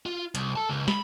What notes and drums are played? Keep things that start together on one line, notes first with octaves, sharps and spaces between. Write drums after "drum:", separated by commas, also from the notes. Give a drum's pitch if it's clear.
F4
C2, drum: hi-hat
A4 A5
C#2
B5, drum: snare